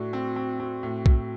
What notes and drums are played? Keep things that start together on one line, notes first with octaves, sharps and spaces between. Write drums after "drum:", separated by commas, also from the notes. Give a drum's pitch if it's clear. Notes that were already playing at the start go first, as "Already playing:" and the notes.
Already playing: A2 D4 F#4
C4
C4
C4
A2
A2, drum: kick B1